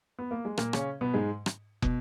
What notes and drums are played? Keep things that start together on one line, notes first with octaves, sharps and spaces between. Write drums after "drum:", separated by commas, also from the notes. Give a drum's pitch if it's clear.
B3
A#3
G#3
A#2 A#3, drum: rim click
C#3 C#4, drum: rim click
B2 B3
G#2 G#3
drum: rim click
B2, drum: kick